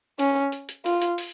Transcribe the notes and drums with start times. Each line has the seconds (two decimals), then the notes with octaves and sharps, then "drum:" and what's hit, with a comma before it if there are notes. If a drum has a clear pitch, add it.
0.19 C#4, drum: hi-hat
0.52 drum: hi-hat
0.69 drum: hi-hat
0.86 F4, drum: hi-hat
1.02 drum: hi-hat
1.18 drum: open hi-hat